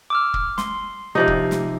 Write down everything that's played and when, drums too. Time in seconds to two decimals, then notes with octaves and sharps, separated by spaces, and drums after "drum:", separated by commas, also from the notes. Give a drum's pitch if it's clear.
0.10 D6 E6 F6
0.34 drum: kick
0.58 C6, drum: snare
1.15 C3 F3 D#4 G4
1.28 drum: kick
1.51 drum: snare